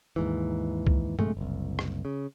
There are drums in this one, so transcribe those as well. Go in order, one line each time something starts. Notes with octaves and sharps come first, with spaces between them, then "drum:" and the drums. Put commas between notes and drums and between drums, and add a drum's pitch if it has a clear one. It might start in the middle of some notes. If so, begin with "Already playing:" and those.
D#2 G#2 E3
drum: kick C2
A#1 C3 G#3 A3, drum: tom G2
F#1 C2
drum: rim click
C#3